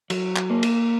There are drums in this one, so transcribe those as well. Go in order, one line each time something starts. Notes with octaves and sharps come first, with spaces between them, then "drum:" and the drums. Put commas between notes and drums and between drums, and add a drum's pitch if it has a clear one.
F#3, drum: cymbal
drum: clap
A#3
drum: cymbal